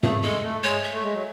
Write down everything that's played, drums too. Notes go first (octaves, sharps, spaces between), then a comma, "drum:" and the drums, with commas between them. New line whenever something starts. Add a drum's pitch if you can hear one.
A3 G#4, drum: tom
G#3 A4
A3
G#3 C#5
E5
A3
G#3
F#3